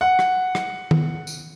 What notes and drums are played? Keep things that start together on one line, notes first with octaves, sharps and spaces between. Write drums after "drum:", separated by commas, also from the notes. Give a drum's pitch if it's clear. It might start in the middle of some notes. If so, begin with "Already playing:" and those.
F#5
drum: rim click
drum: rim click
drum: tom
drum: tambourine